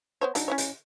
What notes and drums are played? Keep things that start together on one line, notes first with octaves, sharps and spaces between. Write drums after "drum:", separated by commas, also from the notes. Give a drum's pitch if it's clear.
B3 C5 C#5
F#3 D4 D#4, drum: hi-hat
C#4 E4 C#5
drum: hi-hat